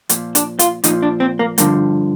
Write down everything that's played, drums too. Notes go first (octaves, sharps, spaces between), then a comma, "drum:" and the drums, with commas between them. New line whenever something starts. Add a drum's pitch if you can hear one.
A#2 F3, drum: hi-hat
D4, drum: hi-hat
F4, drum: hi-hat
A#2 F3 D#4, drum: hi-hat
D4
C4
A#3
G2 D3 F3 A#3, drum: hi-hat